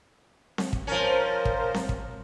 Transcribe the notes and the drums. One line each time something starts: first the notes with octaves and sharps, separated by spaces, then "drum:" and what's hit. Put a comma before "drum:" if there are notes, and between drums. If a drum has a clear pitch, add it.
drum: snare C4
drum: kick
F3 C#4 A#4 C5
drum: kick
drum: snare C4
drum: kick